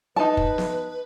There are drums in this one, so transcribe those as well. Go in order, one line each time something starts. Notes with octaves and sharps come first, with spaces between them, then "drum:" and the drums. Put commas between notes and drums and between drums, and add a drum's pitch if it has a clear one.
D#4 B4 A5
drum: kick
drum: snare